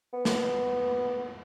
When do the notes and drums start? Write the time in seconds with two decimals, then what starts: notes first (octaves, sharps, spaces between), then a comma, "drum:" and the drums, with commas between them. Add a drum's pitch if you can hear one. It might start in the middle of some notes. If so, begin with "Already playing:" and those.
0.13 B3
0.25 drum: snare